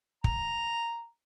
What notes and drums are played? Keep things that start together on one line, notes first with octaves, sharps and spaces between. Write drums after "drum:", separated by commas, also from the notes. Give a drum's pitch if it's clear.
A#5, drum: kick